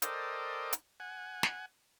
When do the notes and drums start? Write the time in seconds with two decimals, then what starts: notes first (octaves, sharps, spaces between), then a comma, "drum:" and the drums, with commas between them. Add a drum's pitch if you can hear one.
0.02 A4 A#4 C5 D5 D#5 G5, drum: hi-hat
0.73 drum: hi-hat
1.00 F#5 G#5
1.43 drum: snare